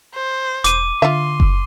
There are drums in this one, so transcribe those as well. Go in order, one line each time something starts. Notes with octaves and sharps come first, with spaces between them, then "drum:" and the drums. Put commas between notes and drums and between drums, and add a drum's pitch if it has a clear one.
C5
E1 D6 D#7, drum: hi-hat
D3 F4 E5 C6
drum: kick F#1